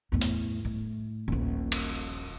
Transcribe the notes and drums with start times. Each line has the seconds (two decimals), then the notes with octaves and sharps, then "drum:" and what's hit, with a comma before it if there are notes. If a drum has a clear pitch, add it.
0.12 E2 A2
0.21 drum: hi-hat
0.65 A2
1.28 D#1 A#1
1.72 drum: cymbal